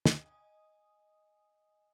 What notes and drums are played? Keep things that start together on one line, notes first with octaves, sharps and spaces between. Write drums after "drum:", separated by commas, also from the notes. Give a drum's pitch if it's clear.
D#5 G#5 D#6, drum: snare